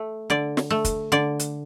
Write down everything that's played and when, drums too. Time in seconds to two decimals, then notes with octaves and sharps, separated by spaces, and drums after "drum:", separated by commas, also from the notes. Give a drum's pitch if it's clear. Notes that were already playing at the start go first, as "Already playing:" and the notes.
Already playing: A3
0.30 D3 D5
0.57 drum: snare
0.70 A3
0.85 drum: kick, hi-hat
1.12 D3 D5
1.39 drum: hi-hat